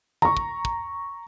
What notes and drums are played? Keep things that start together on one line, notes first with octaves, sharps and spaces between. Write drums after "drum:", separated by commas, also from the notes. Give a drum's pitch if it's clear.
A#5 C#6, drum: tom D3
drum: kick
drum: kick